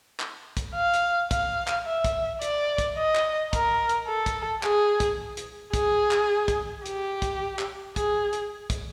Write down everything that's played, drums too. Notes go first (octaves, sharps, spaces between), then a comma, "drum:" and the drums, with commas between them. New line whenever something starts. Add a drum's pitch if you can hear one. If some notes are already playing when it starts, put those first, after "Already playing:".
drum: clap
drum: kick, hi-hat
F5
drum: hi-hat
F5, drum: kick, hi-hat
drum: clap
E5
drum: kick, hi-hat
D5, drum: hi-hat
drum: kick, hi-hat
D#5
drum: clap
A#4, drum: kick, hi-hat
drum: hi-hat
A4
drum: kick, hi-hat
G#4, drum: clap
drum: kick, hi-hat
drum: hi-hat
G#4, drum: kick, hi-hat
drum: clap
drum: kick, hi-hat
G4, drum: hi-hat
drum: kick, hi-hat
drum: clap
G#4, drum: kick, hi-hat
drum: hi-hat
drum: kick, hi-hat